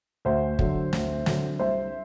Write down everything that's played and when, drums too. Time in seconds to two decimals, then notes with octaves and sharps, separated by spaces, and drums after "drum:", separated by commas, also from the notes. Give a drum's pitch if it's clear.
0.25 D2 C5 E5
0.59 D3 F#3, drum: kick
0.93 D2, drum: snare
1.26 D3 F#3, drum: snare
1.59 C2 C5 E5